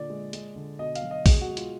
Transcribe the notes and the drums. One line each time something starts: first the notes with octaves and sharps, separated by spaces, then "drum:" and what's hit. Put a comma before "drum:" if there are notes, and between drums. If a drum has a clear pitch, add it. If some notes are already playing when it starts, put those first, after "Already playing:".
Already playing: A#2 D3 D5
G#3
G#3, drum: hi-hat
D3
B2 D#5
F5, drum: hi-hat
F#3
D#5
B2 G#4, drum: kick A#1, open hi-hat
F#4
G#3
F4, drum: hi-hat